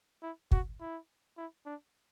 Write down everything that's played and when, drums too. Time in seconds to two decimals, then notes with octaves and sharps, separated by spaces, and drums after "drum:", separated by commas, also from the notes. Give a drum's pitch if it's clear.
0.23 E4
0.51 F#4, drum: kick
0.81 E4
1.38 E4
1.66 D4